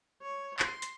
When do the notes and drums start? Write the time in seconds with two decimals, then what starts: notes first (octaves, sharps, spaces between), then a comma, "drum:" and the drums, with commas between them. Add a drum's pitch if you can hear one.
0.22 C#5
0.59 C6, drum: clap
0.82 drum: hi-hat